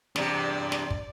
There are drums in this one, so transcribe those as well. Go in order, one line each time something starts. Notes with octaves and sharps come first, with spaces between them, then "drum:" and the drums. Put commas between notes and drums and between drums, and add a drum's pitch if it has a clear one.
E2 C3 D4 G4 D5, drum: snare
drum: snare
drum: kick